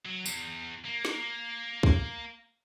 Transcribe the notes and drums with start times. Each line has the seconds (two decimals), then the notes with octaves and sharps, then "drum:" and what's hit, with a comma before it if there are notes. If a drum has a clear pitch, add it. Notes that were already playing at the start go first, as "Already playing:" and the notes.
0.06 F#3
0.26 E2, drum: tambourine
0.85 A#3
1.05 drum: snare
1.83 drum: kick